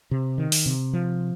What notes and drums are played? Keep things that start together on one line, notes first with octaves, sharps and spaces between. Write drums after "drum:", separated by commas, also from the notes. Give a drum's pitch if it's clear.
C3
D#3
drum: open hi-hat
C3
F3